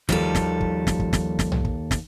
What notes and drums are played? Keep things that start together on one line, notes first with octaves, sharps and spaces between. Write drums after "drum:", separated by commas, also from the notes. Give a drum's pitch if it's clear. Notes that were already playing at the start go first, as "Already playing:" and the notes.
D#2 F3 G3 A4, drum: snare
drum: snare
drum: kick
drum: snare
drum: kick
drum: snare
drum: snare
drum: tom B1
drum: kick
drum: snare